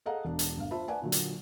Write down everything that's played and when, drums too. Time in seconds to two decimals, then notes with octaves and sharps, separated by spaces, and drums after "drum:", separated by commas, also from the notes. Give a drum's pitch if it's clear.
0.06 G#4 A4 D#5 F5 F#5 A#5
0.25 E1 D4
0.39 drum: hi-hat
0.58 G1 F5
0.71 F4 C5 E5 A5 B5
0.88 B4 D5 F#5 G#5 A5
1.02 A#2 D3 F#3
1.12 drum: hi-hat